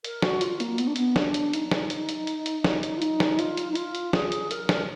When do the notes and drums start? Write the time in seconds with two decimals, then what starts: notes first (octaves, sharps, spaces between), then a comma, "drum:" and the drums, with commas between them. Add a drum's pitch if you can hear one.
0.04 A#4, drum: hi-hat
0.22 F#4, drum: snare
0.41 F4, drum: hi-hat
0.60 A#3, drum: hi-hat
0.78 B3, drum: hi-hat
0.87 D4
0.96 B3, drum: hi-hat
1.16 D4, drum: snare
1.34 drum: hi-hat
1.53 D#4, drum: hi-hat
1.71 drum: snare
1.90 drum: hi-hat
2.09 drum: hi-hat
2.27 drum: hi-hat
2.46 drum: hi-hat
2.64 drum: snare
2.83 drum: hi-hat
2.98 F4
3.02 D#4, drum: hi-hat
3.20 drum: snare
3.39 F4, drum: hi-hat
3.57 drum: hi-hat
3.71 D#4
3.75 F4, drum: hi-hat
3.95 drum: hi-hat
4.13 G#4, drum: snare
4.32 drum: hi-hat
4.51 A#4, drum: hi-hat
4.69 drum: snare